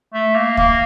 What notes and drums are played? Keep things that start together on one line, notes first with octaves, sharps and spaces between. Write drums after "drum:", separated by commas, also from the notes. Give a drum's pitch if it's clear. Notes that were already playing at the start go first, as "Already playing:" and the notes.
A3
A#3
A#3, drum: kick